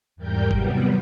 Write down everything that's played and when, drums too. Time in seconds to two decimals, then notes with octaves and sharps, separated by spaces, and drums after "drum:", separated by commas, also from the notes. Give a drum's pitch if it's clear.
0.16 E2 G#2 G3 A#4 G5 G6
0.51 C3 E3 F#3 G3 B3, drum: kick G1